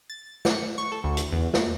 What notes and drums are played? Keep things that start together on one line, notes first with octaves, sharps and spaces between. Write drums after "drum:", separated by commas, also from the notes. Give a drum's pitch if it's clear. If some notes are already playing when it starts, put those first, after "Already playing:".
A6
C#7, drum: snare
C#6
A4
D2
drum: hi-hat
E2
A#2, drum: snare